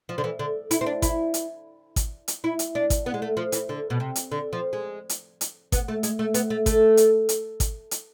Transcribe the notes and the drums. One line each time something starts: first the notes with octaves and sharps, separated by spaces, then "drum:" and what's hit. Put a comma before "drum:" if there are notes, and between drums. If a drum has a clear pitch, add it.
F3
D3
E3
D3
E4, drum: hi-hat
C4
D4
E4, drum: kick G#1, hi-hat
drum: hi-hat
drum: kick G#1, hi-hat
drum: hi-hat
E4
drum: hi-hat
D4
drum: kick G#1, hi-hat
B3
G#3
A3
F3
E3, drum: hi-hat
D3
B2
C3
drum: hi-hat
D3
F3
G#3
drum: hi-hat
drum: hi-hat
B3, drum: kick G#1, hi-hat
A3
G#3, drum: hi-hat
A3
B3, drum: hi-hat
A3
A3, drum: kick G#1, hi-hat
drum: hi-hat
drum: hi-hat
drum: kick G#1, hi-hat
drum: hi-hat